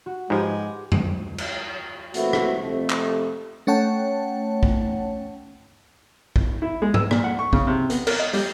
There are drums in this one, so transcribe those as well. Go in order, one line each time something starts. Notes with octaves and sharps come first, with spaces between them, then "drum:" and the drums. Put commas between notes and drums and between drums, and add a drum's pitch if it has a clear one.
F#4
G#2 F3 G#3 G4 B4
drum: tom F2
drum: cymbal
A#2 E3 A3 C4 E4 F#4, drum: hi-hat
drum: rim click
F2 C3 A3
drum: clap
A3 C#4 C#5 F#5 G5 A5
drum: kick
drum: kick
E4
G#3
E6, drum: tom G#2
A#2, drum: rim click
F#5
C#6
C#3, drum: kick
C3
B3, drum: hi-hat
A#4, drum: cymbal
D#5
G3, drum: open hi-hat